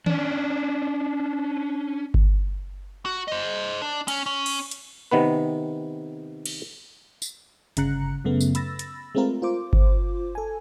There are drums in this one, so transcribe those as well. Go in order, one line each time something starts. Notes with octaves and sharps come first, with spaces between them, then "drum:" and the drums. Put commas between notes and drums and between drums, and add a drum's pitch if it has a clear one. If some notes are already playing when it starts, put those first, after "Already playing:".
C#4 D4, drum: tom D#3
drum: kick G1
F#4
C5 D#5
D4
C#4, drum: cymbal
C#4
drum: cymbal
drum: hi-hat
C3 D#3 B3 B4
drum: cymbal
drum: tambourine
G1 C#3 A#5 F#6 C#7, drum: hi-hat
F#2 C#3 A3 B3
drum: tambourine
B5 E6 A6 A#6, drum: hi-hat
drum: hi-hat
G#3 A3 C4 F4 A#4
F4 C5 D6
drum: kick G1
A4 G#5